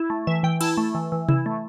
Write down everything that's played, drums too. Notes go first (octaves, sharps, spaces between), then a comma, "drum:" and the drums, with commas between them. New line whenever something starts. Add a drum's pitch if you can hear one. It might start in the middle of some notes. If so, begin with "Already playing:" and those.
Already playing: E4
A3
E3 E5
E3 G5
E4 A5, drum: cymbal
A3
E3
E3
E4, drum: tom C3
A3